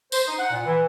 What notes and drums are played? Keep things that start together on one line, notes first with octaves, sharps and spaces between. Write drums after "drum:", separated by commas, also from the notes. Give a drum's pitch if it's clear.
C5, drum: tambourine
D#4
F#5
A#2
E3